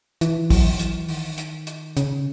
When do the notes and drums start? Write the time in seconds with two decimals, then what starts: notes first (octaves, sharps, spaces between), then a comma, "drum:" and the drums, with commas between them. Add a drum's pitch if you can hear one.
0.21 E3, drum: hi-hat
0.50 F#3, drum: kick, open hi-hat
0.79 E3, drum: hi-hat
1.09 D#3, drum: open hi-hat
1.38 drum: hi-hat
1.67 drum: hi-hat
1.97 C#3, drum: hi-hat